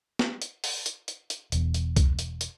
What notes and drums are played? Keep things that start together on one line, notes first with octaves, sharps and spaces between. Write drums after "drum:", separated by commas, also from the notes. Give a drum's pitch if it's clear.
drum: snare
drum: hi-hat
drum: open hi-hat
drum: hi-hat
drum: hi-hat
drum: hi-hat
E1 E2, drum: hi-hat
drum: hi-hat
drum: kick C2, hi-hat
drum: hi-hat
drum: hi-hat